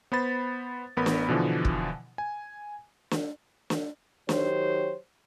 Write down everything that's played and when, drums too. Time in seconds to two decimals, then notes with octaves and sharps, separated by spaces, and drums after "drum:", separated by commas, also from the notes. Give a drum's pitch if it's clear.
0.12 B3 C5 B5 A6
0.97 A1 B3 A#4 B5
1.06 drum: snare
1.28 B2 D3 E3 F3
1.65 drum: kick
2.18 G#5
3.11 drum: snare
3.70 drum: snare
4.29 D#3 F#3 G4 C5 C#5, drum: snare